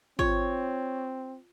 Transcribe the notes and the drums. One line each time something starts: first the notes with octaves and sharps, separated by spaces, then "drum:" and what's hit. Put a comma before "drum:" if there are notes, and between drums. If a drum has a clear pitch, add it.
C4 F4 C#5, drum: kick